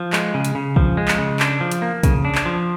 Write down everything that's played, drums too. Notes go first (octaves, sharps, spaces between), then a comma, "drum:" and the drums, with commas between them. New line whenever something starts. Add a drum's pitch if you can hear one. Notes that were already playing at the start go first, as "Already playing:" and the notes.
Already playing: F3
G#3, drum: clap
C#3
drum: hi-hat
C#3
F3, drum: kick
G#3
drum: clap
C#3
D4, drum: clap
F3
drum: hi-hat
A#3
C#3, drum: kick, hi-hat
D4
drum: clap
F3